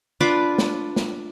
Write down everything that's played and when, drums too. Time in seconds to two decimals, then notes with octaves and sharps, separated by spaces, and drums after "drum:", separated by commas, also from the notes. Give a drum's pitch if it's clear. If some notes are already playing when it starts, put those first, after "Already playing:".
0.20 D4 F4 B4 D6
0.58 drum: snare
0.96 drum: snare